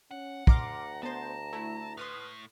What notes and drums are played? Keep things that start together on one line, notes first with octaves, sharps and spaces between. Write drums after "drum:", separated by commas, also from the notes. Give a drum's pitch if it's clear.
C#4 F#5
D2 A#5 C6 D6 F6, drum: kick
B3 C5 A5 A#5
A3 E4
A2 B4 C6 D#6 F6